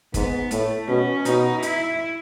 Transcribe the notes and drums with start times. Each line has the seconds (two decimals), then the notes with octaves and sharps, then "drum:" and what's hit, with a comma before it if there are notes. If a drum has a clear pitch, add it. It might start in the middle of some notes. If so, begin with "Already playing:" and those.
0.14 G#2 B3, drum: kick G1, hi-hat
0.51 A2 A3, drum: hi-hat
0.88 B2 C#4
1.25 B2 D#4, drum: hi-hat
1.62 E4, drum: hi-hat